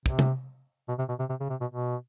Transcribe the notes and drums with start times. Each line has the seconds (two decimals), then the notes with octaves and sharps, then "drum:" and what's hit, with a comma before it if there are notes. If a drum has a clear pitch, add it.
0.06 C3, drum: kick
0.19 drum: tom
0.88 B2
0.99 C3
1.09 B2
1.19 C3
1.30 C3
1.40 C#3
1.50 C3
1.61 B2
1.71 B2